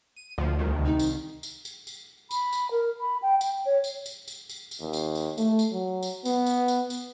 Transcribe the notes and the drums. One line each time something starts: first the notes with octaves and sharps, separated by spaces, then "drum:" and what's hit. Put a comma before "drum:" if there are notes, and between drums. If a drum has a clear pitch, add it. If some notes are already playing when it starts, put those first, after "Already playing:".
D#7
D2 F3
C2 D#3
D#4
drum: tambourine
drum: tambourine
drum: tambourine
drum: tambourine
B5, drum: tambourine
drum: tambourine
A#4
B5
G5
G5, drum: tambourine
C#5
drum: tambourine
drum: tambourine
drum: tambourine
drum: tambourine
drum: tambourine
D#2
drum: tambourine
drum: tambourine
A3, drum: tambourine
drum: tambourine
F#3
drum: tambourine
B3, drum: tambourine
drum: tambourine
drum: tambourine
drum: tambourine